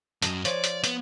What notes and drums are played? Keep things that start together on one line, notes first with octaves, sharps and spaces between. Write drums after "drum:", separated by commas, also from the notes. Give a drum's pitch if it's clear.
F#2 F#3 D#5 A5 A#5, drum: hi-hat
F3 C#5 D5 G#5, drum: hi-hat
drum: hi-hat
B3, drum: hi-hat